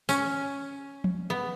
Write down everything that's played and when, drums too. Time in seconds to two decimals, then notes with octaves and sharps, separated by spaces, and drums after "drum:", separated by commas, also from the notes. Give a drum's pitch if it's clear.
0.09 C#4, drum: tambourine
1.04 drum: tom F3
1.30 B3